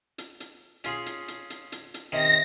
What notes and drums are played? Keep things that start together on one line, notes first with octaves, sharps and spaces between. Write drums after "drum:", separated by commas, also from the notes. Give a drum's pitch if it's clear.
drum: hi-hat
drum: hi-hat
C#4 F4 G#4, drum: hi-hat
drum: hi-hat
drum: hi-hat
drum: hi-hat
drum: hi-hat
drum: hi-hat
C3 D#3 C#4 A#6